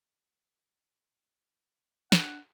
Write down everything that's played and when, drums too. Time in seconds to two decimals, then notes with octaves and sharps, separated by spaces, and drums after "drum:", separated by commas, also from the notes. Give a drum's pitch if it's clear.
2.12 D4 F#5, drum: snare